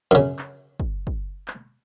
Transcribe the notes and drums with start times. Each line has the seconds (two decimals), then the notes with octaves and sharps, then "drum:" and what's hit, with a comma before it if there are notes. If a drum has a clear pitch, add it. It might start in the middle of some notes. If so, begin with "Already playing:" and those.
0.11 F#2 C#3
0.39 drum: clap
0.80 drum: kick
1.07 drum: kick
1.48 drum: clap